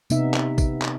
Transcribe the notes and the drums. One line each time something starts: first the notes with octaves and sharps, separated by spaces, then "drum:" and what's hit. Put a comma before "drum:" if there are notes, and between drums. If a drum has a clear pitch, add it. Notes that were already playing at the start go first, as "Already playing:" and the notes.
C3 B3 D#4 E5, drum: tambourine
drum: clap
drum: kick, tambourine
drum: clap